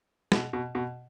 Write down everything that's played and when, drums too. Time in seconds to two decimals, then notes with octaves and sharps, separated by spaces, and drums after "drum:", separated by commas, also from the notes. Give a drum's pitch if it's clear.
0.32 B2, drum: snare
0.53 B2
0.75 B2